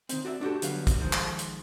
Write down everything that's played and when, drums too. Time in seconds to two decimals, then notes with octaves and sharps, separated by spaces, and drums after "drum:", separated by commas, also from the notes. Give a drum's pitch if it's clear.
0.09 D#3 C4, drum: hi-hat
0.25 F#4 D5 E5
0.41 D4 F#4 G4 A4
0.62 D3 F#3 G3 B3 F5, drum: hi-hat
0.87 drum: kick, hi-hat
1.00 D#3 F3 G#3
1.13 drum: clap
1.39 drum: hi-hat